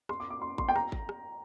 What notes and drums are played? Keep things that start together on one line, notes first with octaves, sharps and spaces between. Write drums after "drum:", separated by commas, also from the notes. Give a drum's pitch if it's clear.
C6, drum: rim click
D6
D6
C6
C6, drum: kick G#1
G5
A#5, drum: rim click
drum: kick G#1
drum: rim click